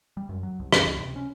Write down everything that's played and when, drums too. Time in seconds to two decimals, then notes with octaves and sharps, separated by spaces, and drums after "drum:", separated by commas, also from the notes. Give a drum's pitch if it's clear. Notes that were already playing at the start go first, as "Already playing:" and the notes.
0.17 G3
0.29 F#2
0.43 F#3
0.60 C2
0.72 F#2, drum: rim click
0.86 C#2
1.00 C3
1.16 C#4